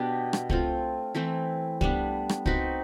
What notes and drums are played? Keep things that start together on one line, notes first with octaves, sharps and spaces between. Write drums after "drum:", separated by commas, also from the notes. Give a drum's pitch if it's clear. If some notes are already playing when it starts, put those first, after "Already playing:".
Already playing: B2 B3 D4 G4
drum: rim click
A3 C4 F4, drum: kick C2
E3 A3 C4 E4
G3 B3 D4, drum: kick C2
drum: rim click
C4 D#4 F#4 B4, drum: kick C2